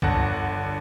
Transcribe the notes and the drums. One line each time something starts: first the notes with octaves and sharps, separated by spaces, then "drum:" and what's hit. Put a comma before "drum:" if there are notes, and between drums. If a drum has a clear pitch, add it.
G1 D3 F#5 A5 F#6 A#6, drum: kick